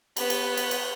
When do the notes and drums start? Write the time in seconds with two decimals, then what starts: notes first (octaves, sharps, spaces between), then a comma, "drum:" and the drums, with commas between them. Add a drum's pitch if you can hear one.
0.17 B3, drum: cymbal
0.30 drum: cymbal
0.57 drum: cymbal
0.71 drum: cymbal